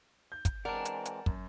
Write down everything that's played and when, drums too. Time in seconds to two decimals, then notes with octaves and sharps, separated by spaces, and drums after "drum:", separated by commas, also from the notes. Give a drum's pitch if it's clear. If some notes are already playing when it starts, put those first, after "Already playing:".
0.32 G6
0.45 drum: kick, hi-hat
0.65 E3 G#3 C4 A#4 D5 F#5 A5
0.85 drum: hi-hat
1.05 drum: hi-hat
1.26 F#2, drum: kick